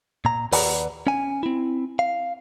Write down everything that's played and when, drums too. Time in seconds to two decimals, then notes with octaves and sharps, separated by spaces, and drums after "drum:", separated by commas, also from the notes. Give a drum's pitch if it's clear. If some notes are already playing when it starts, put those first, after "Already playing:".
0.25 A#2 A#5
0.52 D#2 B4 D5 F#5 A#5 B5, drum: open hi-hat
1.07 C#4 G#5
1.43 C4 E4
1.99 F5